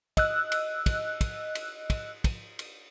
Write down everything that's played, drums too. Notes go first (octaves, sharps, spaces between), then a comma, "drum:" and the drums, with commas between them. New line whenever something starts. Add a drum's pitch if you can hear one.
D#5 E6 F#6, drum: kick, cymbal
drum: cymbal
drum: kick, cymbal
drum: kick, cymbal
drum: cymbal
drum: kick, cymbal
drum: kick, cymbal
drum: cymbal